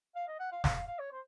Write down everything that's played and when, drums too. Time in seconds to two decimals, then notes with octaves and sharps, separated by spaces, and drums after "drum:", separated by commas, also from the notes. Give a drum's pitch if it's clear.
0.16 F5
0.28 D#5
0.40 F#5
0.52 F5
0.64 F5, drum: snare
0.76 F5
0.88 F5
0.99 C#5
1.12 C5